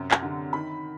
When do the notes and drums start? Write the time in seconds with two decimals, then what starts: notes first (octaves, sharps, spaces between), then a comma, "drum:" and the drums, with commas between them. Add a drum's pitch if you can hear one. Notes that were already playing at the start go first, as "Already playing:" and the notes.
Already playing: F#2 C3
0.11 drum: clap
0.22 D3
0.53 D#3 B5